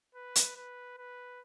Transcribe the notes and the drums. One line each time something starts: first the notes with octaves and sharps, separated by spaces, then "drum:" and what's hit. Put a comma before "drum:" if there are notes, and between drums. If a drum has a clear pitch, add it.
B4
drum: hi-hat
B4
B4